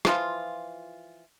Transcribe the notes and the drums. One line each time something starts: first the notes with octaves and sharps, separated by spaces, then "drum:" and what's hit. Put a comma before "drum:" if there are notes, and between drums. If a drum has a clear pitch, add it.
E3 F3 F4, drum: rim click